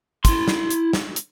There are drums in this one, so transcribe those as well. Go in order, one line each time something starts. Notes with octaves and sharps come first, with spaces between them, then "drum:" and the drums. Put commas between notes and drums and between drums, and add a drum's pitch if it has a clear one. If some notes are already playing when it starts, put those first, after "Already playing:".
E4 C6, drum: kick, hi-hat
drum: snare
drum: hi-hat
drum: snare
drum: hi-hat